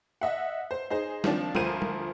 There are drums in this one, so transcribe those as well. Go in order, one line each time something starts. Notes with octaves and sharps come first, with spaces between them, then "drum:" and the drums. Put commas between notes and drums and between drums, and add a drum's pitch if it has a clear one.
D#5 E5 F#5
C5
D#4 G#4 C5
D#3 F3 C4 D4, drum: snare
D2 F3 A#4 C5 D#7, drum: tom
drum: tom